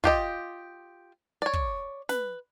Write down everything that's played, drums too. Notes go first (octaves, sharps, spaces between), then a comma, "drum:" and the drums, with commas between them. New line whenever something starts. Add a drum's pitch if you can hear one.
F4 G4 D#5, drum: kick
C#5 D5
drum: kick
B4, drum: snare